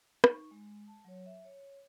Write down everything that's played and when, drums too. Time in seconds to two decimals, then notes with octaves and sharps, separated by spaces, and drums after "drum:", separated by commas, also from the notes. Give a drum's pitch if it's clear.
0.24 D#4 C#6, drum: rim click
0.51 G#3
0.88 A5
1.05 F#3 C#5
1.26 E5
1.45 C#5